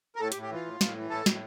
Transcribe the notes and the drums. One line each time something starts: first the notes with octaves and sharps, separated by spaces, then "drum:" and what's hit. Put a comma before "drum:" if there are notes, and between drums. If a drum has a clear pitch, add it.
A#4
A2 A4
G4, drum: hi-hat
A2
G4
E3 F4
A2
A2, drum: snare
E3
A2 A4
A2, drum: snare